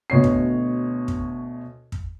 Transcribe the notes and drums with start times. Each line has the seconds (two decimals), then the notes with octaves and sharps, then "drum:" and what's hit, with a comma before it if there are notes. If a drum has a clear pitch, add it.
0.10 D2 B2 C#5 C7
0.24 drum: kick
1.08 drum: kick
1.92 drum: kick